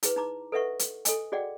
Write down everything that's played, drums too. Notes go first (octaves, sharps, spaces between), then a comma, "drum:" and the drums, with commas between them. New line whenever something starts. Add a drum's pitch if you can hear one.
E4 G#4 B4, drum: hi-hat
D#4 A#5 D6
A4 B4 D#5 E5 F#5 C#6
drum: hi-hat
A4 D#5 G#5, drum: hi-hat
F#4 G#4 D5 D#5 F#5 G5